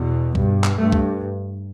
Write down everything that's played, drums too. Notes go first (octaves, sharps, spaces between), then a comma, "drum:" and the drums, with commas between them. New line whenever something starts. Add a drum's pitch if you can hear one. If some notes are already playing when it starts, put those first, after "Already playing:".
Already playing: E2 B2
G2, drum: kick
drum: clap
G2 A3
drum: kick